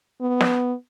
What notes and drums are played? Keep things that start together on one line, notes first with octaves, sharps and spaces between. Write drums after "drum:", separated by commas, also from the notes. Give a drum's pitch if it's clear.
B3
drum: snare